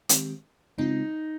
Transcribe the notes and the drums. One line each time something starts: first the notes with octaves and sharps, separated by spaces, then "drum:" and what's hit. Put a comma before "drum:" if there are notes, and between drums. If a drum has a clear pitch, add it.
D#3 G#3 C4 G4, drum: hi-hat
C#3 G#3 C4 D#4 F4